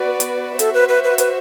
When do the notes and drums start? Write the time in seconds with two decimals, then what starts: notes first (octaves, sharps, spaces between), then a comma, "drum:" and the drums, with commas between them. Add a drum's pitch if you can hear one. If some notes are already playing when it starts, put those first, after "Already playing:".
Already playing: B3 F#4 B4 D5
0.20 drum: hi-hat
0.59 F#4 A4 C5 E5, drum: hi-hat
0.74 B4
0.89 B4
1.04 B4
1.18 B4, drum: hi-hat